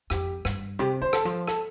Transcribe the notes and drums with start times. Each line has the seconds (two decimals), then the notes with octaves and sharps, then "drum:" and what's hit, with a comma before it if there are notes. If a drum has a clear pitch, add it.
0.10 F2 G4, drum: rim click
0.45 G2, drum: rim click
0.79 C3 G4
1.02 D3 C5
1.13 A4, drum: rim click
1.25 F3
1.48 A4, drum: rim click